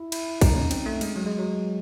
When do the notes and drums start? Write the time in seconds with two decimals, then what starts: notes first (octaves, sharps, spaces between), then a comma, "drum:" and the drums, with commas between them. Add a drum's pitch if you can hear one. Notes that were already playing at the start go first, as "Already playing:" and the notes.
Already playing: E4
0.12 E4, drum: cymbal
0.41 D#4, drum: kick, cymbal
0.57 C#4
0.71 C4, drum: cymbal
0.86 A3
1.01 G#3, drum: cymbal
1.16 F#3
1.26 G#3
1.38 F#3